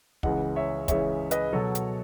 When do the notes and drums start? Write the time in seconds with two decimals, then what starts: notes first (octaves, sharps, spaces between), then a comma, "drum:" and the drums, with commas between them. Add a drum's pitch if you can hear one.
0.23 C#2 C#3 E3 D#5 F#5, drum: kick
0.56 C#5 E5
0.88 C#2 C#3 E3 C#5 E5, drum: kick, hi-hat
1.31 B4 D#5, drum: hi-hat
1.53 B2 F#3 A4 C#5
1.75 drum: hi-hat